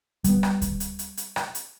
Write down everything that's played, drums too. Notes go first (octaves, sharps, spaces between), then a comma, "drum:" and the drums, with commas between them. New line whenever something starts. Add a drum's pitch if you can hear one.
G3 B3, drum: kick D2, hi-hat
drum: rim click
drum: kick D2, hi-hat
drum: hi-hat
drum: hi-hat
drum: hi-hat
drum: rim click
drum: hi-hat